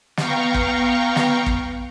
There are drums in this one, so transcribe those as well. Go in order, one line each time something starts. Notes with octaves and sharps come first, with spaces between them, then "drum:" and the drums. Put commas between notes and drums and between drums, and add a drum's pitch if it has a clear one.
B3 F5 G5 A#5 C#6, drum: snare
drum: kick
drum: snare
drum: kick